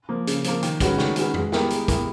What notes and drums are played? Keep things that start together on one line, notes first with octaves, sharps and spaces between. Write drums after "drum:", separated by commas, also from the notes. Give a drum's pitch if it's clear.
F3 A#3
C#3, drum: hi-hat
F3 A#3, drum: hi-hat
D#3, drum: hi-hat
G#3 C#4 F#4 B4, drum: kick, hi-hat
D#3, drum: snare
G#3 C#4 F#4 B4, drum: hi-hat
G#3, drum: tom F2
B3 E4 G4 A#4, drum: snare
G#3, drum: hi-hat
B3 E4 G4 A#4, drum: kick, hi-hat